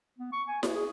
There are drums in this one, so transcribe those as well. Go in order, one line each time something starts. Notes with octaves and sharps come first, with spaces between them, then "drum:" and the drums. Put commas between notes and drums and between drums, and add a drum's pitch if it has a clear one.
B3
C#6
G#5
F#4, drum: snare E4
G#4